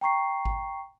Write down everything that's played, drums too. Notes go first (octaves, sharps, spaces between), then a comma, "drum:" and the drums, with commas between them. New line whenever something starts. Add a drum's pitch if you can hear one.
G5 A#5 C#6 C7
drum: kick G#1